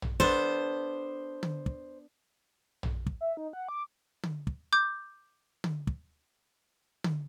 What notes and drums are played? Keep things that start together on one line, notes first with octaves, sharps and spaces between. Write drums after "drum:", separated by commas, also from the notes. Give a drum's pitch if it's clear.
drum: tom A#1
B3 D4 A4 C5
drum: tom D3
drum: kick
drum: tom A#1
drum: kick
E5
D#4
F#5
D6
drum: tom D3
drum: kick
D6 G6
drum: tom D3
drum: kick
drum: tom D3